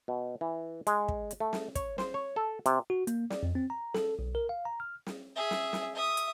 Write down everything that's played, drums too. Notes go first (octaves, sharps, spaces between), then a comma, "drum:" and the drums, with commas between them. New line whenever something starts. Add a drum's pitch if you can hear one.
B2
E3
G#3, drum: hi-hat
drum: kick
drum: hi-hat
A3
drum: snare
C#5, drum: kick, hi-hat
C5, drum: snare
C#5
A4
C3, drum: hi-hat
F#4
A#3, drum: hi-hat
D5, drum: snare
F2
C4
A#5
A4, drum: snare
B1
A#4
F5
A#5
F6
drum: snare
G#4 E5
drum: snare
drum: snare
E5 D#6
drum: hi-hat